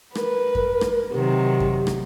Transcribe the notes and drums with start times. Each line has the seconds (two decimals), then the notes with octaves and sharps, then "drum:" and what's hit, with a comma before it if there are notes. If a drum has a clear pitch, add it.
0.15 A#4 B4, drum: rim click
0.55 drum: kick F#2
0.81 drum: rim click
1.12 C3 D#3 F#3 G4
1.60 drum: kick F#2
1.87 drum: rim click